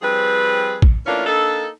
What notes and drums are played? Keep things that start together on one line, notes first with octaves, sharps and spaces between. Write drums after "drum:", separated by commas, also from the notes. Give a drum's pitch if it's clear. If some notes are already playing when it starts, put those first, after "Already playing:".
F3 G3 C4 G#4 B4
drum: kick
E3 A3 A#3 C#4 D4 F4
A#3 D4 D#4 A4